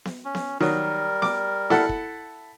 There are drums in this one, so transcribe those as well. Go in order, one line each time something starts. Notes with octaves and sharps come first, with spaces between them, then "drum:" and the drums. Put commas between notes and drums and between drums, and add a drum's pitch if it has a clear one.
drum: snare B3
C#4
drum: snare B3
D#3 F#3 G3 A#4, drum: snare B3
D6, drum: snare B3
E4 A4 F#5, drum: snare B3
drum: kick